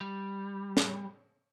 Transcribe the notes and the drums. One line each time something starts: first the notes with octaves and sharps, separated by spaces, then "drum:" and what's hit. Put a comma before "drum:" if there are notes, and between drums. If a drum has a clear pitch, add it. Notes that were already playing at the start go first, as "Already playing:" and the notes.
G3
drum: snare